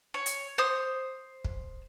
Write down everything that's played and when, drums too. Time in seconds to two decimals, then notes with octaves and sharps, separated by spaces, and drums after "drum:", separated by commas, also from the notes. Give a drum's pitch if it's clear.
0.14 C#5
0.26 drum: hi-hat
0.58 C5 D#6
1.45 drum: kick